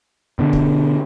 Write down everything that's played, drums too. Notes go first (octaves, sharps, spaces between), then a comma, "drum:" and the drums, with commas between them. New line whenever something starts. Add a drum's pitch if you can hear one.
B2 D3
drum: kick